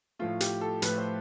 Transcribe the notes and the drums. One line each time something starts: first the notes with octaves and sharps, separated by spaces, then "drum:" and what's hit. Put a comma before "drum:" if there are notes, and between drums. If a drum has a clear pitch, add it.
A2 F3 A3 F4
G4, drum: hi-hat
A4
A2 F3 A3 B4, drum: hi-hat
C5